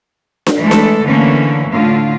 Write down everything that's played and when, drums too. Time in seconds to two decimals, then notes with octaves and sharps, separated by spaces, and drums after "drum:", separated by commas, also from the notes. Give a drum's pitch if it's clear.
0.46 drum: snare D4
0.60 E3 G#3 A3 A4
0.71 drum: snare D4
1.05 D3 E3 A3 A#3 C#4
1.71 A2 D3 F4